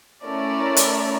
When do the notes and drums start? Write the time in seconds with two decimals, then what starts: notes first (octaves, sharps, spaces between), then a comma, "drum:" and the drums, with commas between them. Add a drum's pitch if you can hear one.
0.23 A3 C#4 E4 A#4 D5
0.76 drum: hi-hat